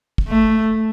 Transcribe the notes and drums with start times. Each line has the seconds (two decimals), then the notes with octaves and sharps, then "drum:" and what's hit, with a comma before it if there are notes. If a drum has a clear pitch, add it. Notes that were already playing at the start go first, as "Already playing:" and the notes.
0.18 drum: kick
0.28 A3